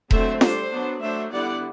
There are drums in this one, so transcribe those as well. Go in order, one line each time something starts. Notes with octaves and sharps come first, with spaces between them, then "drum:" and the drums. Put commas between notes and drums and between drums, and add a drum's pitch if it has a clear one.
D3 F#3 A3 C4 C5 E5, drum: kick E1
G3 D4 A4 C5, drum: snare F4
F#3 B3 D4
F#3 A3 D4 C5 E5
D3 G3 B3 E4 D5 F#5